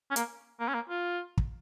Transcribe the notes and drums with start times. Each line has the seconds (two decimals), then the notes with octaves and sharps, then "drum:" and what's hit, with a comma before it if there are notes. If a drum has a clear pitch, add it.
0.11 C#4
0.16 A#3, drum: hi-hat
0.60 A#3
0.68 C#4
0.74 A#3
0.89 F4
1.37 drum: kick